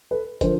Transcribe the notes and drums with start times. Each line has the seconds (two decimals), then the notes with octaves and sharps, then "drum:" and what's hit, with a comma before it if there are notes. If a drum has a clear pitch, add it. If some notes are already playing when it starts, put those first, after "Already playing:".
0.11 A4 B4
0.41 D3 F3 A#4 C5, drum: kick, hi-hat